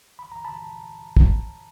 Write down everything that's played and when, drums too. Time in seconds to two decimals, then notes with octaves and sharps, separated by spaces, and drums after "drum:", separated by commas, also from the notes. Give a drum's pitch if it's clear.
0.19 B5
0.32 A#5
0.45 A5 B5
1.17 drum: kick